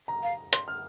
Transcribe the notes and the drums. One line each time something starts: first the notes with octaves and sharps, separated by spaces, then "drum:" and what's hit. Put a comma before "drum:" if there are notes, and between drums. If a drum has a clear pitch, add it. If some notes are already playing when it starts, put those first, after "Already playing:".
A#5
F5
C6, drum: hi-hat
F6